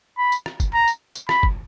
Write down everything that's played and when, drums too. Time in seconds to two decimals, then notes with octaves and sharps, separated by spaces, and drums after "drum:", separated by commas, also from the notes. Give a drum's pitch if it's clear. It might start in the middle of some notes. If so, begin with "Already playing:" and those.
0.18 B5
0.32 drum: tambourine
0.46 drum: rim click
0.60 drum: kick F#1, tambourine
0.74 A#5
0.88 drum: tambourine
1.15 drum: tambourine
1.29 B5, drum: rim click
1.43 drum: kick F#1